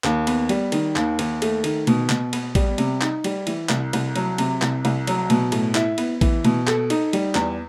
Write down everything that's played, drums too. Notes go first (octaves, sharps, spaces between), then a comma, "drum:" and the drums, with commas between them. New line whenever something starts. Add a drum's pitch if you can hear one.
D#2, drum: clap
B3, drum: cymbal
G3, drum: cymbal
D#3, drum: cymbal
D#2, drum: clap
D#2, drum: cymbal
A3, drum: cymbal
D#3, drum: cymbal
B2, drum: cymbal
B2, drum: clap
B3, drum: cymbal
G3, drum: kick, cymbal
C3, drum: cymbal
D#4, drum: clap
G3, drum: cymbal
E3, drum: cymbal
C2, drum: clap
C2, drum: cymbal
F#3, drum: cymbal
C3, drum: cymbal
C2, drum: clap
C2, drum: cymbal
F#3, drum: cymbal
B2, drum: cymbal
A2, drum: cymbal
E4, drum: clap
B3, drum: cymbal
E3, drum: kick, cymbal
B2, drum: cymbal
A4, drum: clap
D#4, drum: cymbal
G3, drum: cymbal
E2, drum: clap